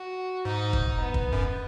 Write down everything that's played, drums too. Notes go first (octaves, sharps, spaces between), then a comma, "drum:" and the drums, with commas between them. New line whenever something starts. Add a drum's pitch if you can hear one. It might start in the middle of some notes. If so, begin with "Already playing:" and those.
Already playing: F#4
G#2 D#4
drum: kick
B3
drum: kick
F#2